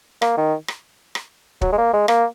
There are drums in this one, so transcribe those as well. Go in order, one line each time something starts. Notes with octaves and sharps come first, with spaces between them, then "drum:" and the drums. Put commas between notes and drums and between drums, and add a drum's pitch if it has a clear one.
A#3, drum: rim click
D#3
drum: rim click
drum: rim click
F#3, drum: kick
G#3
A#3
G#3
A#3, drum: rim click